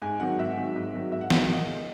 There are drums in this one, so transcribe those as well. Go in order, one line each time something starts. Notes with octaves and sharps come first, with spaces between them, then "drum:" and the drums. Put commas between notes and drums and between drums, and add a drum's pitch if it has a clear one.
G#2 G#5
D#3 F#3 F#5
G#2 E5
D#3 F#3
G#2
D#3 F#3
G#2 E5
F#5
D#3 F#3, drum: snare
D#5
A#2
G#3